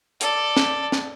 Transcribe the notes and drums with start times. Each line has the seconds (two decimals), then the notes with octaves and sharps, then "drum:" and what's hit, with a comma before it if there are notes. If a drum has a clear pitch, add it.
0.21 A4 D5, drum: hi-hat
0.57 drum: snare
0.92 drum: snare